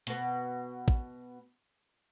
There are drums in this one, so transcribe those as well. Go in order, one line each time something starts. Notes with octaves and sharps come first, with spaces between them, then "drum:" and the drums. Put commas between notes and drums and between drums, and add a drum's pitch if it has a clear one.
B2 B3, drum: hi-hat
drum: kick